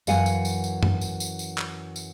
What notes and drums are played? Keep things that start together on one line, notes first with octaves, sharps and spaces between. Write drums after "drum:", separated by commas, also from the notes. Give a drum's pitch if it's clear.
F#2 E3 F5 F#5 G#5, drum: tambourine
drum: tambourine
drum: tambourine
drum: tambourine
drum: tom F#2
drum: tambourine
drum: tambourine
drum: tambourine
drum: clap
drum: tambourine